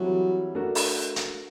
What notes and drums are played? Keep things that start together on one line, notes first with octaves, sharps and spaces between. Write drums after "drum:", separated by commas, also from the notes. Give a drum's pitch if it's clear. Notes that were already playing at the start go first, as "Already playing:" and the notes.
Already playing: E3 F#3 G3 C4 E4 A4
A3 D4 F#4 A#4
drum: open hi-hat
drum: hi-hat